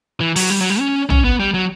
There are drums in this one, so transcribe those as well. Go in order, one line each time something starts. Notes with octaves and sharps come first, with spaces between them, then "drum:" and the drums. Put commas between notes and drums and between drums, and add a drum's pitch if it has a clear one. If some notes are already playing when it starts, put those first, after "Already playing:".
E3
F#3, drum: open hi-hat
G3
F#3
G3
C#4
C#4, drum: tom
B3
G3
F#3